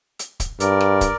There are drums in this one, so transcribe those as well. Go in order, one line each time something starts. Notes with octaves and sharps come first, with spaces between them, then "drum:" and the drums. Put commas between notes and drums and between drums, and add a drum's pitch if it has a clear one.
drum: hi-hat
drum: kick, hi-hat
G2 A#4 D5, drum: hi-hat
drum: rim click
drum: kick, hi-hat